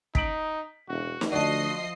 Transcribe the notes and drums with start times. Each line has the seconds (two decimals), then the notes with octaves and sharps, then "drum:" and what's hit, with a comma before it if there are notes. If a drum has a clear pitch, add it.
0.15 D#4 B6 D7 F#7, drum: kick
0.89 E1 F#4
1.21 drum: snare
1.32 D2 F3 F#4 D5 D#5 A5 C7